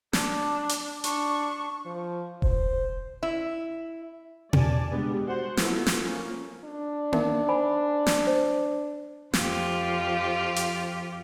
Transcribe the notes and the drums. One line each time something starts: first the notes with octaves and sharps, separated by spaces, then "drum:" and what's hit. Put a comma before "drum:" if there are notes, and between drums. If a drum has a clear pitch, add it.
D4, drum: snare
drum: hi-hat
D4 C#6, drum: hi-hat
F3
C5, drum: kick E1
E4
D5 G#5 A5, drum: tom B2
G3 G#3 B3 D4 G4
F#4 C5 F#5
F#3 B3 E4 F4 A4, drum: snare
drum: snare
F3 A#3 C#4
D4
D#4 A#4 E5, drum: tom A#3
C5 G#5 B5
drum: snare
C5
F2 F3 F4 G4, drum: snare
drum: hi-hat